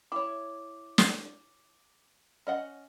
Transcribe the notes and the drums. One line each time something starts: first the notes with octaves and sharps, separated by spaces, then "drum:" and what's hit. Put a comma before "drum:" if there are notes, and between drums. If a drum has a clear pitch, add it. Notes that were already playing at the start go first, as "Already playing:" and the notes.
E4 C#5 D6
drum: snare
C#4 D#5 F#5